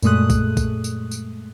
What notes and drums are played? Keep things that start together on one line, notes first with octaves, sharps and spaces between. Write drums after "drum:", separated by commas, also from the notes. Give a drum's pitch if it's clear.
F#2 A#2 G#3 A3 D#6 F#6, drum: tambourine
drum: kick, tambourine
drum: kick, tambourine
drum: tambourine
drum: tambourine